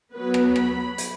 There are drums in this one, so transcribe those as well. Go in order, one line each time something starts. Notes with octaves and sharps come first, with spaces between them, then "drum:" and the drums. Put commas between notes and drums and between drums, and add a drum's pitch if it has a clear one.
F#3 B3 B4
drum: rim click
B5, drum: rim click
drum: hi-hat